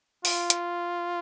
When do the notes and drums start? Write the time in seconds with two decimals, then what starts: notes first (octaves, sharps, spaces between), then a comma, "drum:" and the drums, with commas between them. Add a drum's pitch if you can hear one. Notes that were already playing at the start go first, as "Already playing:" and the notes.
0.25 F4, drum: open hi-hat
0.50 drum: hi-hat